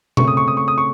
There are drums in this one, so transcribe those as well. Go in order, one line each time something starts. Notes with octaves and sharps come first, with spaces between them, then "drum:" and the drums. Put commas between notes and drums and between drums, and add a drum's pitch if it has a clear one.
C#3 A3 C4 C#6, drum: tom B2
D#6
C#6
D#6
C#6
D#6
C#6